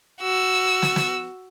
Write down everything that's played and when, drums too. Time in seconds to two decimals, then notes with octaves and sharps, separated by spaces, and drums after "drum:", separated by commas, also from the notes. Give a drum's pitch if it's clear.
0.22 F#4 E6
0.82 drum: snare
0.96 drum: snare